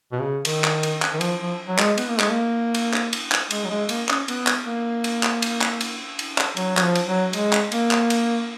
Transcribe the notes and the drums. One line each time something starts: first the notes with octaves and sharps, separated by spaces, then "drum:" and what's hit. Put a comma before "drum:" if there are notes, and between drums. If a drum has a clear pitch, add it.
B2
C#3
D#3, drum: cymbal
drum: clap
drum: cymbal
drum: clap
D#3
F3, drum: cymbal
F3
F#3
G#3, drum: clap
B3, drum: cymbal
A#3
G#3, drum: clap
A#3
drum: cymbal
drum: clap
drum: cymbal
drum: clap
G#3, drum: cymbal
F#3
G#3
A#3, drum: cymbal
C#4, drum: clap
B3, drum: cymbal
drum: clap
A#3
drum: cymbal
drum: clap
drum: cymbal
drum: clap
drum: cymbal
drum: cymbal
drum: clap
F#3, drum: cymbal
F#3, drum: clap
F3
drum: cymbal
F#3
G#3, drum: cymbal
drum: clap
A#3, drum: cymbal
drum: clap
drum: cymbal